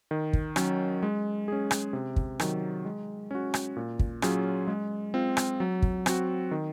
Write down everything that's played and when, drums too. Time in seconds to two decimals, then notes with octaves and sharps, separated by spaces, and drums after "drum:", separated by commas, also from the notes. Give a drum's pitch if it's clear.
0.11 D#3
0.33 drum: kick
0.56 F#3 C#4, drum: rim click
1.03 G#3
1.48 C#4 G#4
1.71 drum: rim click
1.93 C3
2.16 drum: kick
2.40 D#3 F#3, drum: rim click
2.85 G#3
3.31 C#4 F#4
3.54 drum: rim click
3.76 A#2
3.99 drum: kick
4.22 F#3 C#4 F4 G#4, drum: rim click
4.68 G#3
5.14 C4 F4
5.37 drum: rim click
5.60 F#3
5.82 drum: kick
6.06 C4 F#4, drum: rim click
6.51 D#3